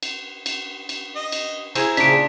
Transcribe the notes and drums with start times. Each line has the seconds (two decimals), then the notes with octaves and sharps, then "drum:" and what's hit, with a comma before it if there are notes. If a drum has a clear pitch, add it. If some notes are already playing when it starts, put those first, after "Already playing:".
0.03 drum: cymbal
0.46 drum: cymbal
0.89 drum: cymbal
1.16 D#5
1.32 drum: cymbal
1.75 E4 G#4 C5 A#5, drum: cymbal
1.97 A#2 C#3 D4 B6 D7, drum: cymbal